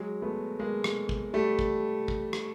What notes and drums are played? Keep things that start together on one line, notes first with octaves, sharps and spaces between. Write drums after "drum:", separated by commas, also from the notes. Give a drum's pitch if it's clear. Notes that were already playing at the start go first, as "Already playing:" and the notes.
Already playing: F#3 G#3
A3 B3
G#3 A#3
drum: rim click
drum: kick
G3 A3
drum: kick
drum: kick
drum: rim click